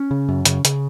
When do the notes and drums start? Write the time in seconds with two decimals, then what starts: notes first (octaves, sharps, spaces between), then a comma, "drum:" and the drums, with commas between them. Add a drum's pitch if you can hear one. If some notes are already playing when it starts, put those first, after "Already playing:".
Already playing: C#4
0.11 C#3
0.29 F#2
0.45 C#3, drum: hi-hat
0.65 C#3, drum: hi-hat